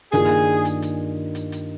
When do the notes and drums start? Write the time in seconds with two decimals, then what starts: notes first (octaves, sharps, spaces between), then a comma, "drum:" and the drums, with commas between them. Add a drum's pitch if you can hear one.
0.12 G2 D#3 A#3 F4 G#4, drum: hi-hat
0.65 drum: hi-hat
0.82 drum: hi-hat
1.35 drum: hi-hat
1.52 drum: hi-hat